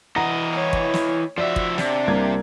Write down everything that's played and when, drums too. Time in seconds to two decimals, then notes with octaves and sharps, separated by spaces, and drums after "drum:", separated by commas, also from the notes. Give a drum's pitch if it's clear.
0.16 E3 D#5 F#5 A#5
0.52 C#5
0.73 drum: kick
0.94 drum: snare
1.38 F3 F#4 D5 E5
1.56 drum: kick
1.78 C3 D4, drum: snare
2.07 C2 A#3 G#6